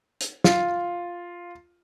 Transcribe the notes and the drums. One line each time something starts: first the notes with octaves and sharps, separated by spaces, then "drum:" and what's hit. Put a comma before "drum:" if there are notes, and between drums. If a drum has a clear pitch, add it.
drum: hi-hat
F4, drum: snare